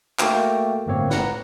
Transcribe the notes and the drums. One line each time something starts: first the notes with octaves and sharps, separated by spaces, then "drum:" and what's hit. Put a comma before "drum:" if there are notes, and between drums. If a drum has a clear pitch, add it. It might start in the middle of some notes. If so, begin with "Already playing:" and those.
A3 A#3 F#4 G5, drum: clap
G1 A2 A#3 C4 C#5
B4 F#5 A#5, drum: snare